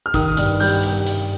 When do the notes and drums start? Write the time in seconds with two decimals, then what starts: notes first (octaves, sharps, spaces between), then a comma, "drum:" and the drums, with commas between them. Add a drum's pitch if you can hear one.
0.06 F6
0.14 D#3 D#6, drum: kick, hi-hat
0.37 G2 F6, drum: hi-hat
0.60 G3 G6, drum: open hi-hat
0.83 drum: hi-hat
1.06 drum: hi-hat